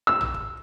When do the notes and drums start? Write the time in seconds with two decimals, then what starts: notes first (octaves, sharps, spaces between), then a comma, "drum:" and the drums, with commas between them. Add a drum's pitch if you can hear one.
0.07 E6
0.21 drum: tom
0.34 drum: kick